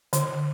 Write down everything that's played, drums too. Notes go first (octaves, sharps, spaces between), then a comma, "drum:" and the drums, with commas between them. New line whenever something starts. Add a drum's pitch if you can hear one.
D3, drum: hi-hat